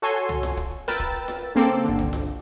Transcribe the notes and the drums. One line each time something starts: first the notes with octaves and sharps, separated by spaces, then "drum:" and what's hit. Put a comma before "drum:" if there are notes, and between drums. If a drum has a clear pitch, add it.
F#4 A4 C#5 G#5 C6
drum: tom
drum: snare F4
drum: kick
A#4 B4 G5 E6 A6, drum: snare F4
drum: kick
drum: snare F4
C#3 A#3 C4 A4 D6
G1 D3
drum: tom
drum: snare F4